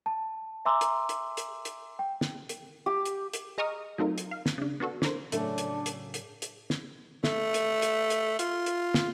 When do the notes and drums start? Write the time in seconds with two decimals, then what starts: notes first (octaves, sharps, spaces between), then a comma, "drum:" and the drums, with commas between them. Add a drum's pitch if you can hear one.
0.06 A5
0.65 E5 G#5 A#5 C6 D6 E6
0.81 drum: hi-hat
1.09 drum: hi-hat
1.37 drum: hi-hat
1.65 drum: hi-hat
1.99 G5
2.21 drum: snare
2.49 drum: hi-hat
2.86 G4
3.05 drum: hi-hat
3.33 drum: hi-hat
3.58 G#4 D#5 A#5 C#6 D#6 F6
3.98 F#3 A3 C4 D#4 F4 A#4
4.18 drum: hi-hat
4.31 F5
4.46 drum: snare
4.58 C#3 D4
4.80 B3 D4 F#4 A4
5.02 D4 A4 A#4 C5, drum: snare
5.32 A2 C#3 F#3 A3 D4, drum: hi-hat
5.58 drum: hi-hat
5.86 drum: hi-hat
6.14 drum: hi-hat
6.42 drum: hi-hat
6.70 drum: snare
7.24 A3, drum: snare
7.54 drum: hi-hat
7.82 drum: hi-hat
8.10 drum: hi-hat
8.39 F4, drum: hi-hat
8.66 drum: hi-hat
8.94 drum: snare